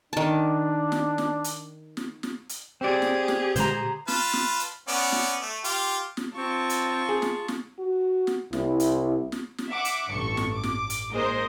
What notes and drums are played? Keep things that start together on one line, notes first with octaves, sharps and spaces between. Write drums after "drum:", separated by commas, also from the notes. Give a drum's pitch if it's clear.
D#3 D4 A5
drum: snare
drum: snare
drum: hi-hat
drum: snare
drum: snare
drum: hi-hat
C4 G4 G#4 D5
drum: snare
drum: snare
A#2 D3 G#3 C5 A#5, drum: hi-hat
F4 B4 A5, drum: snare
drum: snare
drum: hi-hat
B3 C#4 D5
drum: snare
A3
F4 G4, drum: hi-hat
drum: snare
C4 F4 A5 C#6
drum: hi-hat
G#4
drum: snare
drum: snare
F#4
drum: snare
C2 E4, drum: snare
drum: hi-hat
drum: snare
drum: snare
E5 F#5 D6
drum: hi-hat
A1 G2 A4 C#6 C#7
drum: snare
D6
drum: snare
drum: hi-hat
A#2 G#3 D#4 A#4 C5 D#5